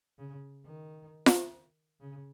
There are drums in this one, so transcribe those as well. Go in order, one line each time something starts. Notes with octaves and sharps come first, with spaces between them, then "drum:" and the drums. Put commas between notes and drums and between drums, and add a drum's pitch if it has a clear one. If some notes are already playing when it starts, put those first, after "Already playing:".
C#3
D#3
drum: snare F4
C#3